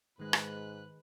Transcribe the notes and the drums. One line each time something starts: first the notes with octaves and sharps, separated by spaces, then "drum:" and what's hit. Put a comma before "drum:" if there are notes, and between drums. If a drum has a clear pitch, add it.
G#2 D#3 G#3 B4 F#6
drum: rim click